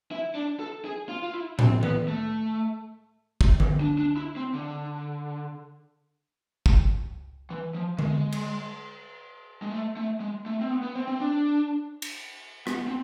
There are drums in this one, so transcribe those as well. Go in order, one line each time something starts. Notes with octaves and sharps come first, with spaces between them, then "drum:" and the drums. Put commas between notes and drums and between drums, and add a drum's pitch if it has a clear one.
E4
D4
A4
G#4
F4
F4
E4
C4, drum: tom A2
B3, drum: tom D#3
A3
drum: kick
drum: tom D3
D4
D4
E4
C4
D3
drum: kick
E3
F3
G#3, drum: tom D3
drum: cymbal
G#3
A3
A3
G#3
A3
C4
B3
B3
C4
C4
D4
drum: cymbal
B3, drum: rim click
C4